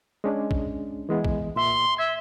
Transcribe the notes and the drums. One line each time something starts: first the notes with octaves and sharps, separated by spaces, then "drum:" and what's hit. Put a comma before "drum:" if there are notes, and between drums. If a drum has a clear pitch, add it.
G#3 C#4 D4
drum: kick
E3 G#3 B3
drum: kick
A#2 E5 C6
E5 G#6